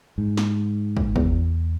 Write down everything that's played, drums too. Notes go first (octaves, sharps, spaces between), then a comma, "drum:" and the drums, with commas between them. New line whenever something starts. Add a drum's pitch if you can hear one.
G#2
drum: snare
drum: kick
E2, drum: kick